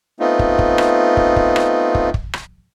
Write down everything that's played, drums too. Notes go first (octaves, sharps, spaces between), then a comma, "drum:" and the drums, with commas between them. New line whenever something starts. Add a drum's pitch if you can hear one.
A3 B3 C4 D#4 F4
drum: kick
drum: kick
drum: rim click
drum: kick
drum: kick
drum: rim click
drum: kick
drum: kick
drum: rim click